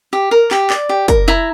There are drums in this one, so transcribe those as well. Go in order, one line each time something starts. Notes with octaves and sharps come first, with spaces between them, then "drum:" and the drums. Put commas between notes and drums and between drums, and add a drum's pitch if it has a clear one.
G4
A#4
G4, drum: clap
D5, drum: clap
G4
A#4, drum: kick, hi-hat
E4 A#5